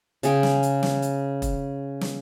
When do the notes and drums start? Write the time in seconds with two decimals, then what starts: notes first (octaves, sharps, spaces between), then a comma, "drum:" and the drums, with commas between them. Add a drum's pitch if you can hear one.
0.23 C#3 G#4 G5, drum: hi-hat
0.43 drum: snare
0.63 drum: hi-hat
0.83 drum: snare
1.02 drum: hi-hat
1.42 drum: kick E1, hi-hat
2.01 drum: snare